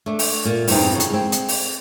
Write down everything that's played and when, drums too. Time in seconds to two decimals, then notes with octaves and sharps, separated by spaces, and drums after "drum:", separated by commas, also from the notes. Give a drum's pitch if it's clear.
0.06 A3 D4
0.19 drum: open hi-hat
0.45 A#2
0.68 E2 G2 B3 C4 D#4, drum: open hi-hat
0.91 F2 C#3
1.00 drum: hi-hat
1.10 G#3 C4
1.32 drum: hi-hat
1.48 drum: open hi-hat